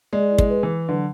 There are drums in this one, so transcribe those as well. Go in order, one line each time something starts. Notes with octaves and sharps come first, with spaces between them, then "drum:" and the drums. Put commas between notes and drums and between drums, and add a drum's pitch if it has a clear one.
G#3 D5
E4
G#3, drum: kick
B4
E3
B4
D3 F#3